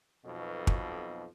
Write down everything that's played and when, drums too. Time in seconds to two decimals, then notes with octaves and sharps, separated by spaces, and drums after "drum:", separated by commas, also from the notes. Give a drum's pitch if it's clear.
0.24 B1 F2 B2
0.67 drum: kick